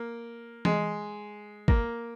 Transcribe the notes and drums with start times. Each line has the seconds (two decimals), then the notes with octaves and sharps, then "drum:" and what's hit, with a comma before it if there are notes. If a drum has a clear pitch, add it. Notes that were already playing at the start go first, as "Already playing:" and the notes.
Already playing: A#3
0.65 G#3, drum: tom E3
1.68 A#3, drum: kick